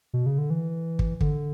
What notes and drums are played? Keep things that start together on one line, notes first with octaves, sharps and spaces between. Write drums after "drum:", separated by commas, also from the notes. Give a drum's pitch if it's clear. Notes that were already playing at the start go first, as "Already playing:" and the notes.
B2
C#3
D3
E3
drum: kick
D3, drum: kick